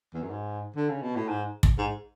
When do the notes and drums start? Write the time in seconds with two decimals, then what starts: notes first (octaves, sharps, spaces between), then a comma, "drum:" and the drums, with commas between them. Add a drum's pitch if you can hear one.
0.14 E2
0.22 F#2
0.30 G#2
0.76 D3
0.89 C#3
1.02 B2
1.16 A2
1.28 G#2
1.63 drum: kick
1.78 G#2